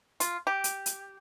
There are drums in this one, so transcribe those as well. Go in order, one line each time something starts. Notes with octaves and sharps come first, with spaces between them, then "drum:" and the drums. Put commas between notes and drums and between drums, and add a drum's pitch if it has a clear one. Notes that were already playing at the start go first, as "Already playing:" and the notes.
F4, drum: hi-hat
G4
drum: hi-hat
drum: hi-hat